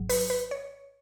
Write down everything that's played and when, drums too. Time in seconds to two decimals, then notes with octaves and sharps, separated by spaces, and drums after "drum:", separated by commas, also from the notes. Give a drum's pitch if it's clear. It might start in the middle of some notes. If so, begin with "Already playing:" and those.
Already playing: G#1 G#2 F#3
0.09 B4, drum: open hi-hat
0.30 B4
0.51 C#5